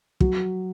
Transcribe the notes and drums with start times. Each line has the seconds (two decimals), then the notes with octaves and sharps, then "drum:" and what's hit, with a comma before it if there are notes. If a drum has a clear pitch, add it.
0.20 F#3, drum: kick